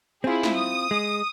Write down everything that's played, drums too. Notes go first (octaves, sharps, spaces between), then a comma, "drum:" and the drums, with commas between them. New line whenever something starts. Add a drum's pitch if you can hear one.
C4 E4 F4 G#4
drum: snare
D#6
G#3